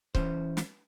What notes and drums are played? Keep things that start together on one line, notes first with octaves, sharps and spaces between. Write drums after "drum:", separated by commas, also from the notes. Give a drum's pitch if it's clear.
E3 C#4 C5, drum: kick C#1
drum: snare